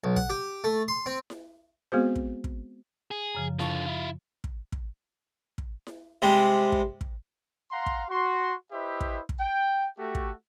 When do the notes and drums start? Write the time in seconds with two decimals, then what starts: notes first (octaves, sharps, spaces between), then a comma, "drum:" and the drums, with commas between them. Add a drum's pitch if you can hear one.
0.04 B1
0.16 F#5, drum: kick
0.30 G4
0.64 A3
0.88 C6
1.06 C4
1.30 drum: snare E4
1.92 G#3 B3 C4 F#4 G#4 C5
2.16 drum: kick
2.44 drum: kick
3.11 G#4
3.35 F#2 C#3 F3
3.59 D3 F4 A5 C#6, drum: snare E4
3.86 E4 F4
4.44 drum: kick
4.72 drum: kick
5.58 drum: kick
5.87 drum: snare E4
6.22 C3 G3 G#3
6.72 drum: kick
7.01 drum: kick
7.71 F5 F#5 A#5 C6
7.86 drum: kick
8.10 F#4 C6
8.72 E4 G4 B4 C5 D#5 E5
9.01 drum: kick
9.29 drum: kick
9.40 G5
9.98 A3 F#4 G4
10.15 drum: kick